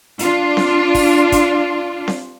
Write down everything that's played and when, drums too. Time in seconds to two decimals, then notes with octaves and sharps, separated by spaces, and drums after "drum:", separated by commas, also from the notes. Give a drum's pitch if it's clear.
0.19 D4 F4, drum: hi-hat
0.57 drum: snare C4
0.94 drum: kick, open hi-hat
1.32 drum: kick, hi-hat
2.08 drum: snare C4